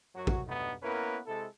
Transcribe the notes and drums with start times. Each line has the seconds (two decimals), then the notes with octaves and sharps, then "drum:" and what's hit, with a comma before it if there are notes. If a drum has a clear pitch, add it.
0.15 F#2 F#3 F#4
0.27 drum: kick
0.47 B1 G2 A3 B3 D#4
0.83 A#3 B3 C#4 E4 A#4 B4
1.26 C3 G#3 E4 A4